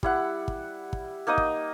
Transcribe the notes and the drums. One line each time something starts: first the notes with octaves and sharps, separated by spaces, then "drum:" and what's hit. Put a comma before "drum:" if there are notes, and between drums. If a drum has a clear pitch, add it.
G3 E4 F#5, drum: kick
drum: kick
drum: kick
A#3 D#4 D#5 D#6
drum: kick